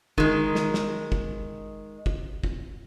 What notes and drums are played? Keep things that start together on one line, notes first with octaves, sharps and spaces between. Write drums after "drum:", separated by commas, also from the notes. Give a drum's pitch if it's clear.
D#3 G#3, drum: kick
drum: snare
drum: snare
drum: kick
drum: kick
drum: kick